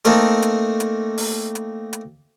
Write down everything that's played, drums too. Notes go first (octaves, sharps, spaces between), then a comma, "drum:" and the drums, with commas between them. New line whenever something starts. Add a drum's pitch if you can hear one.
A3 A#3 C4 D#4 A4, drum: hi-hat
drum: hi-hat
drum: hi-hat
drum: open hi-hat
drum: hi-hat
drum: hi-hat